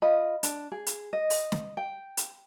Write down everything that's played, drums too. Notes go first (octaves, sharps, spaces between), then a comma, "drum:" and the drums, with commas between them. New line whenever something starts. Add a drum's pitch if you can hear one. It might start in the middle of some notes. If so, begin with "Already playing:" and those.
F4 D#5 B5
D4, drum: hi-hat
G#4
drum: hi-hat
D#5
drum: open hi-hat
drum: snare
G5
drum: hi-hat